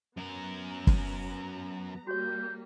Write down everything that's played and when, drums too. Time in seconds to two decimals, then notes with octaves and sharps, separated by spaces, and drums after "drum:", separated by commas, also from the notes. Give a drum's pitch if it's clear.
0.17 F#2 B3 A#4 A#5
0.87 drum: kick F#1
2.07 G3 A#3 F#4 G4 C#5 G6